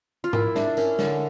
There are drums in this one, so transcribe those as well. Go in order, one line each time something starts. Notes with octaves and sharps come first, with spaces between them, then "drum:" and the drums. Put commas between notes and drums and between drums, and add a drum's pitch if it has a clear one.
F4
E4 A#4, drum: tom G#2
D4 E5, drum: snare
C#4 A#4, drum: tambourine
D3 C#5, drum: snare